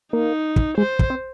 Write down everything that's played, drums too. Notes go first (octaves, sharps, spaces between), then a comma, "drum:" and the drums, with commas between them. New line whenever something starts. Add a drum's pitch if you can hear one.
A#3 D#4
drum: kick
G#3 C5
drum: kick
C4